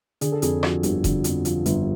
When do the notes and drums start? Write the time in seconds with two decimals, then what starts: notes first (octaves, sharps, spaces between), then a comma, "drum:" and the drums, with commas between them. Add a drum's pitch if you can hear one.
0.21 D3 G#4, drum: hi-hat
0.32 A4
0.42 F2 G#4, drum: hi-hat
0.63 F3 F#4, drum: rim click
0.83 G1 G4, drum: hi-hat
1.04 D3, drum: kick E1, hi-hat
1.24 F2, drum: hi-hat
1.45 F3, drum: hi-hat
1.66 G1, drum: hi-hat